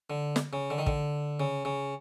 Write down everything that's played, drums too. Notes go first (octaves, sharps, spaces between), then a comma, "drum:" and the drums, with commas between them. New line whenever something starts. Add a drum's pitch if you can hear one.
D3
drum: snare
C#3
D3
D#3
D3, drum: kick
C#3
C#3